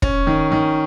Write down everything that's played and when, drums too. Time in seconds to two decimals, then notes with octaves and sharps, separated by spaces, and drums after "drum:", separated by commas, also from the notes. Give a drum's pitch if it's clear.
0.02 C#4, drum: kick
0.27 D#3
0.52 D#3